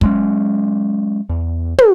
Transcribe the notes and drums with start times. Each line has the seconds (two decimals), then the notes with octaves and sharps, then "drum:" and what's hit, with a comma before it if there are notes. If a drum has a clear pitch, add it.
0.01 F#3 G#3 C#4, drum: kick
1.29 E2
1.78 drum: tom